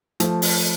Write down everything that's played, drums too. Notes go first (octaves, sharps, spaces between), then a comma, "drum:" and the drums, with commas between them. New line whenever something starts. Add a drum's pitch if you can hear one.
F3 A3, drum: hi-hat
drum: open hi-hat